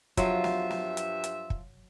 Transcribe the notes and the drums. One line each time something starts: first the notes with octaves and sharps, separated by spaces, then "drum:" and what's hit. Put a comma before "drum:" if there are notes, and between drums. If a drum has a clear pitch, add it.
G2 F3 F#3 F4 E5, drum: kick, hi-hat
drum: snare
drum: snare
drum: hi-hat
drum: hi-hat
drum: kick